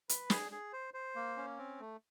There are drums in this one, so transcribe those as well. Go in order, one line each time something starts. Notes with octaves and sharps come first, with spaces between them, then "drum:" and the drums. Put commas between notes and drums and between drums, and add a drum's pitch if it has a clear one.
B4, drum: hi-hat
G#4, drum: snare
G#4
C5
C5
A#3
C#4
C4
A3